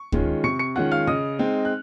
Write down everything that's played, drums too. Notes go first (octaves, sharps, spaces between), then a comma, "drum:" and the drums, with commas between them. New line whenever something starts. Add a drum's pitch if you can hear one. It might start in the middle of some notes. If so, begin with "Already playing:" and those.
Already playing: C#6
D#3 G#3 C#4 F4, drum: kick
C3 C#6 C#7
C#6 C#7
D#3 G#3 C#4 F4 F#5 F#6
F5 F6
C#3 D#5 D#6
G#3 C4 D#4
F#6